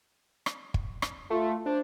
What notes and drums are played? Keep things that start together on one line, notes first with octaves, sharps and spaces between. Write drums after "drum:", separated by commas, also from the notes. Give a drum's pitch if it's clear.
drum: rim click
drum: kick
drum: rim click
A3 F4
D4 C5